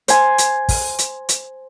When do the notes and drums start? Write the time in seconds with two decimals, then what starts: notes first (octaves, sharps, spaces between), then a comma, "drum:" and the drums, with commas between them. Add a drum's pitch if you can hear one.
0.08 C5 G#5, drum: hi-hat
0.38 drum: hi-hat
0.69 drum: kick, open hi-hat
0.99 drum: hi-hat
1.29 drum: hi-hat